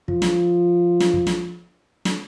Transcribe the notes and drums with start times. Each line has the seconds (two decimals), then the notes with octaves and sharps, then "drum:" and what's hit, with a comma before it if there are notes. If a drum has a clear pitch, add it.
0.08 F3, drum: kick
0.22 drum: snare
1.00 drum: snare
1.13 drum: kick
1.27 drum: snare
2.05 drum: snare